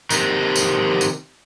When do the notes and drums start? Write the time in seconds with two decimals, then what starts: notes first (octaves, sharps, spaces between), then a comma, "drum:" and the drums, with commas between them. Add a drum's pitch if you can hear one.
0.10 C3 D#3, drum: tambourine
0.56 drum: tambourine
1.01 drum: tambourine